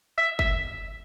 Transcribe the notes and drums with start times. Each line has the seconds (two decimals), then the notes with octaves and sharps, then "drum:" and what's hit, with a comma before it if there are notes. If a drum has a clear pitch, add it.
0.18 E5
0.39 E5, drum: kick